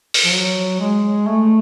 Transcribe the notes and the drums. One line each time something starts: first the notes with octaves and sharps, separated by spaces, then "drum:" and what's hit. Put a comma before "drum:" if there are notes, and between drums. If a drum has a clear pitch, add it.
drum: open hi-hat
F3
F#3
G#3
A3